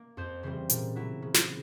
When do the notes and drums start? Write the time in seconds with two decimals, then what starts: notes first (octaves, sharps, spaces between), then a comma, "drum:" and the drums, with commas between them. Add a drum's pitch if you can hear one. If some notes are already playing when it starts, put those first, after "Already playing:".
Already playing: A#3
0.17 F2 C5
0.43 C#3 E3 G3 C4 C5
0.70 A#2, drum: hi-hat
0.95 F#3 B3 E4
1.22 C#3
1.34 drum: snare